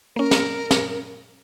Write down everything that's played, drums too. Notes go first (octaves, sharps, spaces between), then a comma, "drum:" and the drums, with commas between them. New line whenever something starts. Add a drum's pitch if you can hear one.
A#3 C#4 A#4
drum: snare
drum: snare